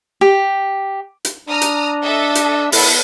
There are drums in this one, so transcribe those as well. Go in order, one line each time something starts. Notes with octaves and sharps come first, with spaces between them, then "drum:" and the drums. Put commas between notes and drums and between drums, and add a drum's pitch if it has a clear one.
G4
drum: hi-hat
D4 A#5 D#6 F6
drum: hi-hat
A4 D#5 E5
drum: hi-hat
B3 E4 A4 B4, drum: open hi-hat